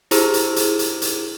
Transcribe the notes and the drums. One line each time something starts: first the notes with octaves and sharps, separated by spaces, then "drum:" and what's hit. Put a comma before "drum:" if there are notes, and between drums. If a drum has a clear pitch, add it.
E4 G4 G#4 C5 A#5 E6, drum: hi-hat
drum: hi-hat
drum: hi-hat
drum: hi-hat
drum: hi-hat